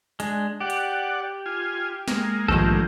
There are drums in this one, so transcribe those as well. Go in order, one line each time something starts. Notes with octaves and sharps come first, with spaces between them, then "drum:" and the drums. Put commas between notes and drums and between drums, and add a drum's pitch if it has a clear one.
G#3 D4, drum: hi-hat
G4 D5 F#5
drum: hi-hat
F4 G#5
G#3 A#3, drum: snare
G#2 D3 D#3 F3 A3 A#3 G4 A4, drum: kick A#1